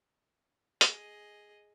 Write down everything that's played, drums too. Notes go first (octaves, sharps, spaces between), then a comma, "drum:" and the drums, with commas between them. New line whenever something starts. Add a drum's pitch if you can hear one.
G#4 D#5, drum: hi-hat